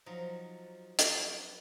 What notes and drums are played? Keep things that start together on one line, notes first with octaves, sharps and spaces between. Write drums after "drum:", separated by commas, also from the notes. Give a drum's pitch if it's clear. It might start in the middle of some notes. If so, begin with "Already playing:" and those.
F3 F#3 D#4
drum: hi-hat
B3